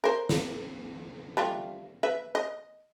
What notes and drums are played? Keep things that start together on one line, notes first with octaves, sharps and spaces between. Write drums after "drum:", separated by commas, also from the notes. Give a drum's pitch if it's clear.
A#4 C5
drum: snare
G3 A3 F4
B4 E5
D#5